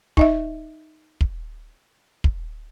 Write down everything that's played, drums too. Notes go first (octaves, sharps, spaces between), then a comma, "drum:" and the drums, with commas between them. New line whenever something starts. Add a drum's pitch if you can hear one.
D#4 D#5 E5, drum: kick
drum: kick
drum: kick